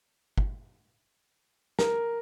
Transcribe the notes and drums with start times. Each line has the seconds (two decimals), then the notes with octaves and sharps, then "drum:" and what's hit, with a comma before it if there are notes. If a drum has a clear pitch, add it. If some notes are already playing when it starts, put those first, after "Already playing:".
0.38 drum: kick G1
1.79 A#4, drum: snare